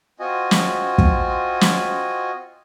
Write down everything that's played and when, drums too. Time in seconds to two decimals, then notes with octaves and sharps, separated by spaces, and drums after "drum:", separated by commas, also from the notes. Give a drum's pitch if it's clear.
0.20 C4 F4 F#4 D#5 G#5
0.51 drum: snare
0.98 drum: kick
1.61 drum: snare